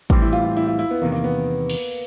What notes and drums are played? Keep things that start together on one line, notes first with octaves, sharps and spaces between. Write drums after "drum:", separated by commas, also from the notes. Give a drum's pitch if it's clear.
A2 E3 G3 C4, drum: kick G#1
E4
F4
F4
E4
F4
E4
B3
E2 C3 D#3 A#3
A#3
B3
drum: cymbal